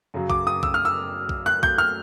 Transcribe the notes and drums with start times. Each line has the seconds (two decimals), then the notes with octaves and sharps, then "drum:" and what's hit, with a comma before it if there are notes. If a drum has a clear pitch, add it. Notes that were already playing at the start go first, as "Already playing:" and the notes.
0.14 F#2 C#3 F#3
0.30 D6, drum: kick A#1
0.47 D#6
0.63 E6, drum: kick A#1
0.74 F6
0.85 E6
1.29 drum: kick A#1
1.46 F#6
1.63 G6, drum: kick A#1
1.78 F6